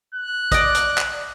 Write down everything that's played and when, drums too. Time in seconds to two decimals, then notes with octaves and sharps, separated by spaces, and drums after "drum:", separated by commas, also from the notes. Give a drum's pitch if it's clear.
0.15 F#6
0.52 D5 D#5, drum: kick, hi-hat
0.75 drum: hi-hat
0.98 drum: clap